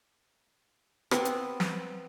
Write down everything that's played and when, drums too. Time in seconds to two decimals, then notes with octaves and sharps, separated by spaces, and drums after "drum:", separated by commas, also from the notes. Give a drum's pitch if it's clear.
1.11 B3 C4, drum: rim click
1.25 drum: hi-hat
1.60 drum: snare